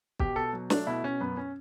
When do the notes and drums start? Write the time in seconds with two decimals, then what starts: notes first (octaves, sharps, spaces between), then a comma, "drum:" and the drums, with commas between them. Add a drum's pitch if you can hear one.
0.19 B2 G4, drum: kick
0.36 B2 A4
0.53 F#3
0.70 A3 D4, drum: snare
0.87 B2 E4
1.03 B2 C#4
1.20 F#2 B3
1.37 C#4